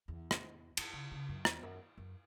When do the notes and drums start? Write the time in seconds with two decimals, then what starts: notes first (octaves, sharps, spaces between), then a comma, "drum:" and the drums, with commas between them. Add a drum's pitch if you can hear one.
0.08 E2
0.31 drum: rim click
0.77 F#2, drum: cymbal
0.93 C#3
1.12 C#3
1.29 F#2
1.45 E2, drum: rim click
1.62 F#2
1.98 F#2